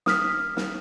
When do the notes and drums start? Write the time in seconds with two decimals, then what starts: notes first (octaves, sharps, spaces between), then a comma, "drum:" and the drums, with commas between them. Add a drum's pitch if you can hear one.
0.06 D#6 F6 B6, drum: snare
0.57 drum: snare